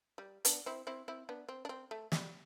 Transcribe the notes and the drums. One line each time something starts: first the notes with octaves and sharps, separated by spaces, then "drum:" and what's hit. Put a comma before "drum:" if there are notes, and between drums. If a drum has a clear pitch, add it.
G3
B3 D4, drum: hi-hat
C4 E4
C4 E4
C4 E4
B3 D4
C4
D4
C4
A3
G3, drum: snare